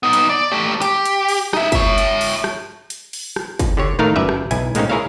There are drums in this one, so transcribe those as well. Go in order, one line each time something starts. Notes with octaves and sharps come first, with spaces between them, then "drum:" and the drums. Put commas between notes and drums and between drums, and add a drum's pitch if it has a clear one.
B3 D#4
drum: hi-hat
D5
A3 G4
G4, drum: hi-hat
drum: hi-hat
drum: open hi-hat
D#4 E5, drum: rim click
C#5 E5, drum: kick, hi-hat
drum: hi-hat
drum: open hi-hat
drum: rim click
drum: hi-hat
drum: open hi-hat
drum: rim click
drum: kick, hi-hat
D3 G4 C#5
A2 D#3 A3 D#4 A#4 F5
G1 F#2 B4 D5 E5
drum: rim click
B1 E4 G#5, drum: hi-hat
A2 G#3 A#3 C4 C#4 D#4, drum: hi-hat
E4 G#4 A#4 C#5 E5 F5